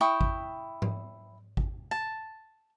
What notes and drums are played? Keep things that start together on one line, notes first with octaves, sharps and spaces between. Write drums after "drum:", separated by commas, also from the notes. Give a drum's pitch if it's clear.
E4 G5 C#6 D#6
drum: kick G#1
drum: tom G#2
drum: kick G#1
A5